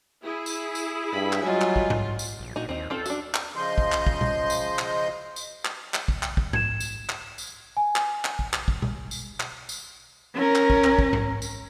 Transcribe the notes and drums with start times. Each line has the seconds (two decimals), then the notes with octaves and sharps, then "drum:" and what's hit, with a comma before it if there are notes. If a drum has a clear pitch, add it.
0.21 E4 G#4
0.46 drum: tambourine
0.75 drum: tambourine
1.13 G2 B5
1.33 drum: clap
1.42 F#3 G3 F4 D#5 G#5
1.61 drum: clap
1.76 drum: kick
1.90 drum: tom
2.19 drum: tambourine
2.39 A#1
2.56 A#2 D#4 F#4
2.69 D#2 C4 D#4
2.90 C4 F4 A4 C5
3.06 D4 F#4, drum: tambourine
3.34 drum: clap
3.56 C#3 F3 D#5 C6 G6
3.78 drum: kick
3.92 drum: clap
4.07 drum: kick
4.21 drum: tom B2
4.50 drum: tambourine
4.79 drum: clap
5.36 drum: tambourine
5.65 drum: clap
5.94 drum: clap
6.08 drum: kick
6.23 drum: clap
6.37 drum: kick
6.53 G#6 E7, drum: tom
6.80 drum: tambourine
7.09 drum: clap
7.38 drum: tambourine
7.77 G#5
7.96 drum: clap
8.25 drum: clap
8.39 drum: kick
8.53 drum: clap
8.68 drum: kick
8.82 drum: tom B2
9.11 drum: tambourine
9.40 drum: clap
9.69 drum: tambourine
10.35 C#4 A#4
10.55 drum: clap
10.70 drum: kick
10.84 drum: clap
10.99 drum: kick
11.13 drum: tom
11.42 drum: tambourine